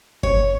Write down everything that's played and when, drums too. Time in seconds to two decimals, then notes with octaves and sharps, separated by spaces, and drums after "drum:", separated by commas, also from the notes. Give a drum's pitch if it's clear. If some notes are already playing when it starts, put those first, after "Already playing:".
0.23 C#5, drum: kick G1